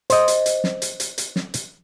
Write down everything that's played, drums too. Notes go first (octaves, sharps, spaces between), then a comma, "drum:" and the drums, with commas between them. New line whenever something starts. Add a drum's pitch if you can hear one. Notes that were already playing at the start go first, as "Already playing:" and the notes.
C5 D#5, drum: hi-hat
drum: hi-hat
drum: hi-hat
drum: snare
drum: hi-hat
drum: hi-hat
drum: hi-hat
drum: snare
drum: hi-hat